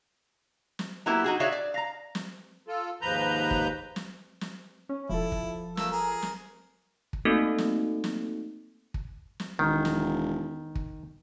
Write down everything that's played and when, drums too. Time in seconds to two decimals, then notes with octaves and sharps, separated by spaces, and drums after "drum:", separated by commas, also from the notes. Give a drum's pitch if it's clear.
0.79 drum: snare
1.06 F#3 A#3 B3 E4 G4
1.24 D#4 F#4 G#4
1.40 F#4 G#4 C#5 D5 E5 F5
1.52 D5
1.74 F5 A#5
2.15 drum: snare
2.68 F4 A4
3.02 D#2 G#2 F3 B4 A#5 G6
3.51 drum: kick
3.96 drum: snare
4.41 drum: snare
4.89 C#4
5.09 E1 F3 E4 A4
5.32 drum: kick
5.77 A3 A#3 E6, drum: snare
5.92 G#4 A#4
6.22 drum: snare
7.13 drum: kick
7.25 A3 A#3 C4 D#4 F#4 A4
7.58 drum: snare
8.04 drum: snare
8.94 drum: kick
9.40 drum: snare
9.59 E1 D#3
9.85 drum: snare
10.75 drum: kick